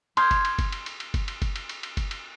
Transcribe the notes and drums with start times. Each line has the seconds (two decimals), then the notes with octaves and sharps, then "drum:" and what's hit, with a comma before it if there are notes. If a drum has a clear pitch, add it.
0.17 C6 D#6 F6 G6 G#6, drum: cymbal
0.31 drum: kick F#1, cymbal
0.45 drum: cymbal
0.59 drum: kick F#1, cymbal
0.72 drum: cymbal
0.86 drum: cymbal
1.00 drum: cymbal
1.14 drum: kick F#1, cymbal
1.28 drum: cymbal
1.42 drum: kick F#1, cymbal
1.56 drum: cymbal
1.69 drum: cymbal
1.83 drum: cymbal
1.97 drum: kick F#1, cymbal
2.11 drum: cymbal